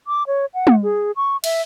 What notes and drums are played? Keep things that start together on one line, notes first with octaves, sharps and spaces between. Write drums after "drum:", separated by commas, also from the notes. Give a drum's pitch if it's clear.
D6
C#5
F#5
drum: tom
G#4
C#6
E5, drum: cymbal